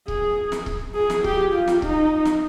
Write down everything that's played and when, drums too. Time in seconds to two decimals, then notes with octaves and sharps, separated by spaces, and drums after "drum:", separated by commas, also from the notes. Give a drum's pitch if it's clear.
0.08 G#4, drum: kick C#1
0.52 drum: snare
0.66 drum: kick C#1
0.95 G#4
1.10 drum: snare
1.24 G4, drum: kick C#1
1.54 F4
1.67 drum: snare
1.82 D#4, drum: kick C#1
2.25 drum: snare